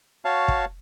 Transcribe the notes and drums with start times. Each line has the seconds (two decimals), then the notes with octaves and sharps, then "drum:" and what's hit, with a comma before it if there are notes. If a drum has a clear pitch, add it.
0.25 F#4 C#5 F5 A5
0.48 drum: kick